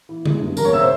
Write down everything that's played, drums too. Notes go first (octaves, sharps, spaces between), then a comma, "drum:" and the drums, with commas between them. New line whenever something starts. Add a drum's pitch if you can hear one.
E3
G#3, drum: tom D3
G2
E1 A#4 A#5, drum: tambourine
C#5 C#6
C#3 E5 E6
C5